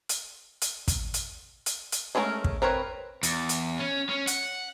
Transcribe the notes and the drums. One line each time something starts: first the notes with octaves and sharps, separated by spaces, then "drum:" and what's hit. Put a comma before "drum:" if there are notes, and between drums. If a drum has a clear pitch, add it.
drum: hi-hat
drum: hi-hat
drum: kick, hi-hat
drum: hi-hat
drum: hi-hat
drum: hi-hat
G#3 A3 C#4 G#4 A#4
drum: kick
C4 A#4 B4 C#5
E2, drum: hi-hat
drum: hi-hat
C#4
C#4
F#5, drum: hi-hat